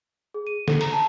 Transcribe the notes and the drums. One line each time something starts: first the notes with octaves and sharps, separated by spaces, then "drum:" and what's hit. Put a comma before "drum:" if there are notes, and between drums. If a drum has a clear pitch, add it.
G#4
D#7
A4, drum: snare
A#5, drum: cymbal
A5